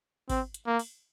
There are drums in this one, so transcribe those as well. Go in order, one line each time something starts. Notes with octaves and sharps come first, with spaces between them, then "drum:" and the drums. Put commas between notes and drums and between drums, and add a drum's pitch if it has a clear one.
C4, drum: kick G#1, open hi-hat
drum: hi-hat
A#3
drum: open hi-hat